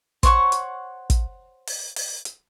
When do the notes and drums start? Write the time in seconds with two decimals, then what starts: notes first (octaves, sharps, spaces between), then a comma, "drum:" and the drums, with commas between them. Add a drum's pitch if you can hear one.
0.23 C5 C#5 F#5 C#6, drum: kick, hi-hat
0.52 drum: hi-hat
1.10 drum: kick, hi-hat
1.67 drum: open hi-hat
1.96 drum: open hi-hat
2.25 drum: hi-hat